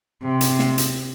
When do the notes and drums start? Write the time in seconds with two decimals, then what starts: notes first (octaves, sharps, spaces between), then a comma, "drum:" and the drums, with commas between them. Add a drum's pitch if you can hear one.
0.23 C3
0.41 drum: hi-hat
0.59 drum: snare
0.78 drum: hi-hat